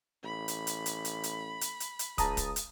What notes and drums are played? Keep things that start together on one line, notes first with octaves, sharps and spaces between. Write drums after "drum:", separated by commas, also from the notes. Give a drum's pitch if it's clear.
A1 B5
drum: hi-hat
drum: hi-hat
drum: hi-hat
drum: hi-hat
drum: hi-hat
drum: hi-hat
drum: hi-hat
drum: hi-hat
C#2 A5 A#5 D#6, drum: kick, hi-hat
drum: kick, hi-hat
drum: hi-hat